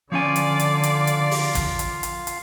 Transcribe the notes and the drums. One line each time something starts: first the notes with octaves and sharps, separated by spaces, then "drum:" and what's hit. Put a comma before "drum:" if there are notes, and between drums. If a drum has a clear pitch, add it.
D3 F3 C#4 F4 D5 F5 G#5
drum: hi-hat
drum: hi-hat
drum: hi-hat
drum: hi-hat
drum: open hi-hat
drum: kick, hi-hat
drum: hi-hat
drum: hi-hat
drum: hi-hat